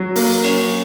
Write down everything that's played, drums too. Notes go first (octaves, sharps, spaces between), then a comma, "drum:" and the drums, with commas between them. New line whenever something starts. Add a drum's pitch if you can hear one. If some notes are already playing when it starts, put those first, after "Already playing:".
Already playing: F#3
A#3, drum: open hi-hat
C#4, drum: cymbal